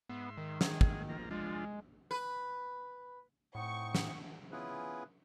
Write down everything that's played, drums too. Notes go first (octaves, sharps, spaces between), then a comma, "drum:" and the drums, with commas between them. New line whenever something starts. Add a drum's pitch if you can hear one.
G#2 B3 E5 C6
D#3
G#3 G#4, drum: snare
drum: kick
F3 A#3 A#5
F3 G#3 D4 F4
B4
A2 C4 D#4 F#5 C#6
drum: snare
B3 C#4 E4 F4 G#4 B4